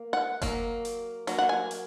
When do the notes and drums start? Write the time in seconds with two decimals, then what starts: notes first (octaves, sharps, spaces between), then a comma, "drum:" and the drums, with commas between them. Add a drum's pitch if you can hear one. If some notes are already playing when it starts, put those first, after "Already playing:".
Already playing: A#3
0.13 F#5
0.42 F#3 A#3, drum: kick F#1, hi-hat
0.85 drum: hi-hat
1.27 F#3 A#3, drum: hi-hat
1.39 F#5
1.49 G#5
1.71 drum: hi-hat